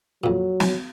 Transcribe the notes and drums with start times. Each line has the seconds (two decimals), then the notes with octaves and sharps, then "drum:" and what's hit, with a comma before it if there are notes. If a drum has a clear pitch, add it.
0.24 F2 A#2 F#3
0.60 drum: snare